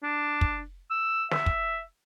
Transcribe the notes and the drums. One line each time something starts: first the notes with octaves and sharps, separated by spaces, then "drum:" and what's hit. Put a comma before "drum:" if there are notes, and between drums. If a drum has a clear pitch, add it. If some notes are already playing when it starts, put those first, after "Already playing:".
D4
drum: kick
E6
E5, drum: snare
drum: kick